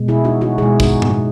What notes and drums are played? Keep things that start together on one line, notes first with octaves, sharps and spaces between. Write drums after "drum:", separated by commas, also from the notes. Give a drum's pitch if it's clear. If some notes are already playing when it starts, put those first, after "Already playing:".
Already playing: B2 G#3
E4 G#4
D#4 F#4
D#4 F#4
B2 G#3 E4 G#4
D#4 F#4, drum: kick, tambourine
drum: tom G#2